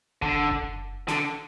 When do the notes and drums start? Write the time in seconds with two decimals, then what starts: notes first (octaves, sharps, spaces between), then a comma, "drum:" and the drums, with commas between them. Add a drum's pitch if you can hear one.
0.22 D3, drum: kick F#1
0.51 drum: kick F#1
1.08 D3, drum: snare